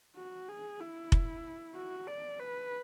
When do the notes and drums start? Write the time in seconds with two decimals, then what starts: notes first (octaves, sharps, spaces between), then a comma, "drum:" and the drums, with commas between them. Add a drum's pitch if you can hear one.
0.16 F#4
0.48 G#4
0.80 E4
1.12 drum: kick F1
1.75 F#4
2.07 D5
2.39 B4